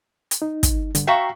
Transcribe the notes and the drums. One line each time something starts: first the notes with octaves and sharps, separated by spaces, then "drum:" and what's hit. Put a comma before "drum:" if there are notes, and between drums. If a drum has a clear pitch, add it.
drum: hi-hat
D#4
drum: kick, hi-hat
G2 D3, drum: hi-hat
F#4 E5 F5 G5 A#5 C#6